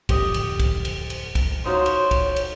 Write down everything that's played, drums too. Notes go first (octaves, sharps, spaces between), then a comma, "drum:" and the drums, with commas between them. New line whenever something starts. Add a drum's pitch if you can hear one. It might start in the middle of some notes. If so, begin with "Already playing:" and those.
D1 F2 D3 G4 D#5, drum: kick, cymbal
drum: cymbal
drum: kick, cymbal
drum: cymbal
drum: cymbal
drum: kick, cymbal
D#4 F4 F#4 C5 C#5
drum: cymbal
drum: kick, cymbal
drum: cymbal